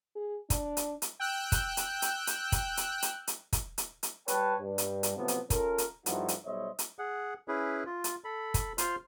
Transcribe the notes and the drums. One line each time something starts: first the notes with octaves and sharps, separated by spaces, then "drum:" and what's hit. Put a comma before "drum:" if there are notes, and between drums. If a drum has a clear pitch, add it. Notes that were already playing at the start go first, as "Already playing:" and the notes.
G#4
D4, drum: kick, hi-hat
drum: hi-hat
drum: hi-hat
G5 E6 F#6 G6
drum: kick, hi-hat
drum: hi-hat
drum: hi-hat
drum: hi-hat
drum: kick, hi-hat
drum: hi-hat
drum: hi-hat
drum: hi-hat
drum: kick, hi-hat
drum: hi-hat
drum: hi-hat
G3 B4 C#5 G5 A5, drum: hi-hat
G2
drum: hi-hat
drum: hi-hat
A2 C3 F3 F#3 A3 B3
drum: hi-hat
C#4 F4 A4 A#4, drum: kick, hi-hat
drum: hi-hat
G2 F3 A3 D#4 E4 F#4, drum: hi-hat
drum: hi-hat
B1 G3 C5 C#5 D#5 E5
drum: hi-hat
G#4 F#5
C#4 E4 G#4 B4
F4
drum: hi-hat
A4 B5
drum: kick, hi-hat
F4 C5 C6 F6, drum: hi-hat